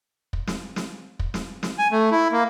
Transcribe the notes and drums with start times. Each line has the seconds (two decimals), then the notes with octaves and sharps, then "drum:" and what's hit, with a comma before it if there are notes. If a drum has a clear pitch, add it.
0.33 drum: kick
0.47 drum: snare
0.76 drum: snare
1.19 drum: kick
1.34 drum: snare
1.63 drum: snare
1.79 G#5
1.91 A3
2.11 E4
2.32 A#3